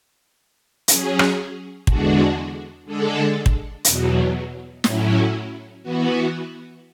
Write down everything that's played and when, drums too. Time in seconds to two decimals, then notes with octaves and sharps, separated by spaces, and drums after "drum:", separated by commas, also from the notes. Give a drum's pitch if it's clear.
0.88 F#3 C#4 G#4, drum: hi-hat
1.19 drum: rim click
1.87 E2 D3 G#3 D4 F#4, drum: kick
2.85 D3 G#3 D4 A4
3.46 drum: kick
3.85 E2 B2 F#3, drum: hi-hat
4.84 A2 F#3 C#4 E4, drum: snare
5.82 E3 B3 F#4